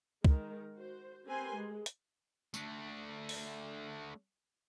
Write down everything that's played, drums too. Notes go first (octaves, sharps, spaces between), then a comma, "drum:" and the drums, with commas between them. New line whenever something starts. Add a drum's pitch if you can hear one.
D#3 G#3 A#4, drum: kick
F#4 C5
C4 G4 A#4 B4 G#5 C6
G#3
drum: hi-hat
A3 D4, drum: tambourine
drum: open hi-hat